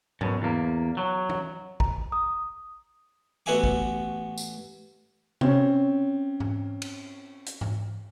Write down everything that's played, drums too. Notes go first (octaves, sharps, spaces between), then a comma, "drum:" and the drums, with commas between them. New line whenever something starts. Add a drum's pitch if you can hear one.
F#2 B2, drum: tom G#2
E2 A#3
F#3
drum: tom E3
A#5, drum: kick A1
D#6
A1 B3 F#4 E5 G#5 D6
drum: kick A1
drum: tambourine
C4 C#4, drum: tom C3
drum: tom G#2
drum: cymbal
drum: hi-hat
drum: tom G#2